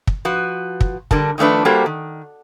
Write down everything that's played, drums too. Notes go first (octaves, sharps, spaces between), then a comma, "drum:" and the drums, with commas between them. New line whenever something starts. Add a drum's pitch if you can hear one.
drum: kick
F3 F#4 B4
drum: kick
D3 G3 A#4 A5, drum: kick
D#3 F3 A3 D4 B4
G3 A#3 F#4 G4 A4 C5
D#3